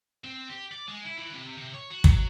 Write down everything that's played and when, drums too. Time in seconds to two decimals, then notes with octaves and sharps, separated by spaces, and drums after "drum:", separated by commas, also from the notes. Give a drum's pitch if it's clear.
0.24 C4
0.50 G4
0.72 D5
0.88 G#3
1.05 E4
1.18 E3
1.33 C3
1.57 C3
1.74 C#5
1.90 F#4
2.04 F#3, drum: kick